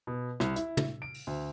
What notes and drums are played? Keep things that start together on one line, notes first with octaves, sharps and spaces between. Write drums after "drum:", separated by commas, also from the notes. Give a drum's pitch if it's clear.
B2
C2, drum: rim click
E4, drum: hi-hat
drum: tom
D7
drum: open hi-hat
D2